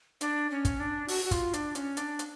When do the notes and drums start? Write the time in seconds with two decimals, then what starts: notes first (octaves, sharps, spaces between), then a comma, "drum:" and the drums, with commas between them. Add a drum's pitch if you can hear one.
0.21 D4, drum: hi-hat
0.51 C#4
0.65 drum: kick, hi-hat
0.80 D4
1.08 F#4, drum: open hi-hat
1.25 F#4
1.31 F4, drum: kick, hi-hat
1.53 D4, drum: hi-hat
1.75 C#4, drum: hi-hat
1.97 D4, drum: hi-hat
2.19 drum: hi-hat